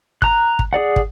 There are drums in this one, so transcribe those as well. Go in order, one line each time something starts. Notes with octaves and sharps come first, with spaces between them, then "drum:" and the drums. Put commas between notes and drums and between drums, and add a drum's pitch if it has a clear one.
A#5 F#6, drum: kick
drum: kick
G#4 D5 F#5
drum: kick